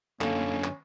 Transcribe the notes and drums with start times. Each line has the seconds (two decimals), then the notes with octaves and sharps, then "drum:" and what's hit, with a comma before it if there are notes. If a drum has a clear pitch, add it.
0.21 F#2 D3 A#3 C#4 A4, drum: clap
0.64 drum: clap